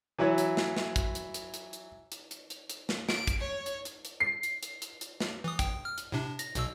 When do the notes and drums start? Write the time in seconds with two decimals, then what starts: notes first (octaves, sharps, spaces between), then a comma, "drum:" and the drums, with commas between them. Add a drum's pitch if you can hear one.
0.19 E3 F#3 E4 B4 C#5
0.38 drum: hi-hat
0.57 drum: snare
0.77 drum: snare
0.96 drum: kick, hi-hat
1.15 drum: hi-hat
1.34 drum: hi-hat
1.54 drum: hi-hat
1.73 drum: hi-hat
2.12 drum: hi-hat
2.31 drum: hi-hat
2.50 drum: hi-hat
2.70 drum: hi-hat
2.89 drum: snare
3.09 D7, drum: snare
3.27 drum: kick, hi-hat
3.40 C#5
3.66 drum: hi-hat
3.85 drum: hi-hat
4.05 drum: hi-hat
4.20 C7
4.43 drum: hi-hat
4.63 drum: hi-hat
4.82 drum: hi-hat
5.01 drum: hi-hat
5.20 drum: snare
5.44 E3 D#6
5.59 G5 D#6, drum: kick, hi-hat
5.85 F6
5.98 drum: hi-hat
6.12 A2 C3 D4
6.39 A#6, drum: hi-hat
6.55 B1 B2 E6, drum: hi-hat